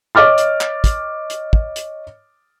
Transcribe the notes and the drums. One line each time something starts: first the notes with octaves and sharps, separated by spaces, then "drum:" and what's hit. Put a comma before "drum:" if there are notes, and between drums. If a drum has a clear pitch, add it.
C#5 D#5 D6 F6 A6
drum: hi-hat
drum: clap
drum: kick, hi-hat
drum: hi-hat
drum: kick
drum: hi-hat